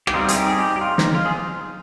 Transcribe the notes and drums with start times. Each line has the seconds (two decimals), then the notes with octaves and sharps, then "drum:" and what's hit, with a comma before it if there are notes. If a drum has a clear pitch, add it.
0.07 G4, drum: rim click
0.14 G3 C4 D#4 F4
0.28 G#4, drum: hi-hat
0.36 D#4 G4
0.49 G#4
0.58 D#4 G4
0.76 G4
0.81 F4
0.98 D#4, drum: snare
1.15 F4
1.26 G#4